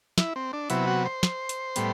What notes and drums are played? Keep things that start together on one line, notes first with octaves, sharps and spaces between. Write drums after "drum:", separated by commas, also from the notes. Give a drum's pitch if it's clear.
E4, drum: snare
C4
D4
C3 F#3 B3 E4, drum: hi-hat
F#4
C5
drum: snare
drum: hi-hat
A2 G3 B3, drum: hi-hat